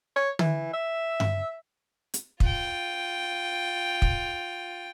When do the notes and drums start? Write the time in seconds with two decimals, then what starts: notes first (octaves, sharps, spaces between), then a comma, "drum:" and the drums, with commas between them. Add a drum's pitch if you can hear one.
0.16 C#5
0.39 E3, drum: tom
0.73 E5
1.20 drum: tom G2
2.14 drum: hi-hat
2.40 F4 G5, drum: kick
4.02 drum: kick